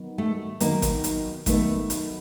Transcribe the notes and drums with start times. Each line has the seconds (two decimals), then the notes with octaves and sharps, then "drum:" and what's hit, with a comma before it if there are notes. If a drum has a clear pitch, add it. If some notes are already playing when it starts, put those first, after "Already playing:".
Already playing: D#3 F#3 B3 D#4
0.18 A3
0.60 D#3 F#3 A#3 B3 D#4, drum: hi-hat
0.82 drum: kick G#1, hi-hat
1.04 drum: hi-hat
1.46 D#3 F#3 A3 B3 D#4, drum: kick G#1, hi-hat
1.90 drum: hi-hat